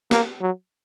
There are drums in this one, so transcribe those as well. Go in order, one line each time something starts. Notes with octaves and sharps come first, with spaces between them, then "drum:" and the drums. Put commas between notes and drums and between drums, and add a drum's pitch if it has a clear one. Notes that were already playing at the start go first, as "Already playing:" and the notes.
A#3, drum: snare
F#3